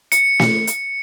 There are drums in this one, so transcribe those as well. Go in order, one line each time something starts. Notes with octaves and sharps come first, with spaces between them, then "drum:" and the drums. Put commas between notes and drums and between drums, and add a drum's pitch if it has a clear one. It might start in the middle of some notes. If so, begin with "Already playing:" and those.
C#7, drum: hi-hat
drum: snare
drum: hi-hat